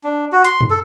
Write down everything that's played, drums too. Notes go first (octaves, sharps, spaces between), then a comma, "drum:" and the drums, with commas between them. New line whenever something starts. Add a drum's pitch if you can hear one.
D4
F#4
C6, drum: hi-hat
drum: tom F#2
A4